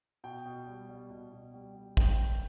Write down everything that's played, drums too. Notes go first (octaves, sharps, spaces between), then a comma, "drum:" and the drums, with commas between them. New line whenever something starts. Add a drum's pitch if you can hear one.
B2 G5
B2
G3
G3
B2
B2
G3
G3
F#2 G5, drum: kick
F#2